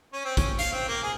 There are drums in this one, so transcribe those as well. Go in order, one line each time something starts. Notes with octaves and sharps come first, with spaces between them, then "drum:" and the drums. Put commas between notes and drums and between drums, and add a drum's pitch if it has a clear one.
C#4
C4
C#4, drum: kick, hi-hat
F5, drum: hi-hat
C4
A#3
G#4